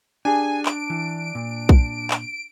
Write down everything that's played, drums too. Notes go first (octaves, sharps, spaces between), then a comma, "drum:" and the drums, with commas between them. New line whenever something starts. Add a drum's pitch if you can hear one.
D4 G4 G#4 G#5
D7, drum: clap
E3
A#2
drum: kick B1
drum: clap